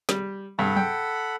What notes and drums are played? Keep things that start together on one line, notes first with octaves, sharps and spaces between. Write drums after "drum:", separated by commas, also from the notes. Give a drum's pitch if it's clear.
G3, drum: snare
G2 A4 F#5 B5
G5, drum: tom